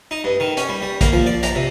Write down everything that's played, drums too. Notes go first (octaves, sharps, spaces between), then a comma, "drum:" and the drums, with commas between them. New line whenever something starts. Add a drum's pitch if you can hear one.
D#4
G2
D#3
C#4, drum: hi-hat
G3
G3
A#3, drum: kick, hi-hat
F3
D5
A#5, drum: hi-hat
C3